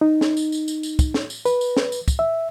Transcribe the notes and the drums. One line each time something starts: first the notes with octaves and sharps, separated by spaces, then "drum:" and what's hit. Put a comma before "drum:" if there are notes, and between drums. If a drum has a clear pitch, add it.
D#4
drum: snare
drum: tambourine
drum: tambourine
drum: tambourine
drum: tambourine
drum: kick, tambourine
drum: snare
drum: tambourine
B4, drum: tambourine
drum: tambourine
drum: snare
drum: tambourine
drum: kick, tambourine
E5